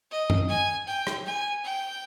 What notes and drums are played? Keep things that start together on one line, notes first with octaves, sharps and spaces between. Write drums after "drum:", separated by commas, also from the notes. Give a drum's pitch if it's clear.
D#5
drum: tom F#2
G#5
G5
drum: rim click
G#5
G5